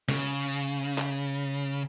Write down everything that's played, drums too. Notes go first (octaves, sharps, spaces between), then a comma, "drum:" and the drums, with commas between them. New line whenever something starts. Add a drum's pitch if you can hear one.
C#3, drum: snare
drum: clap